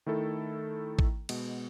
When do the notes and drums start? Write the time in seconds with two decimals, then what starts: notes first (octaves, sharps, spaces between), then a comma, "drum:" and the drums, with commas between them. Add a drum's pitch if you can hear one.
0.06 D#3 A3 E4 A4
0.99 drum: kick A1
1.29 B2 G#3 B3, drum: cymbal